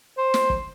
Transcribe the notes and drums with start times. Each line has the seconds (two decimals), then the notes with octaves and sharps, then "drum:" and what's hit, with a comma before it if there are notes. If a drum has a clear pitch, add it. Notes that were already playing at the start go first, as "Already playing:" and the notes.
0.18 C5
0.34 drum: snare
0.50 drum: kick